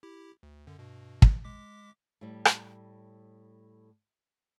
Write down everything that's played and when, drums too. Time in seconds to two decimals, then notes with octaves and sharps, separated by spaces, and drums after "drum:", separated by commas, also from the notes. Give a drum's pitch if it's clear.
0.03 E4 G4
0.43 D2
0.67 F#2 D3
0.79 G2 B2
1.22 drum: kick
1.44 G#3 D6 B6
2.21 A2 G3
2.45 drum: rim click